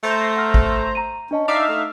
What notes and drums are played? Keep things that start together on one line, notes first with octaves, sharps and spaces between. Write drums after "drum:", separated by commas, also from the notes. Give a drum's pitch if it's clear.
A3 C5 A#5
F#5 F6
drum: kick G#1
A#5 D#7
C#4 D4 D#5 A5
D#4 D5 E5 F5
A3